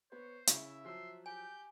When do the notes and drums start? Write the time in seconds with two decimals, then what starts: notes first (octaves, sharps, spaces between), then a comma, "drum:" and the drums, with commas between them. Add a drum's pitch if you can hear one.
0.12 B3 C5 C#5
0.47 C#3 E4 E5, drum: hi-hat
0.85 F3 F#3 C6 E6
1.26 G4 G#5 G6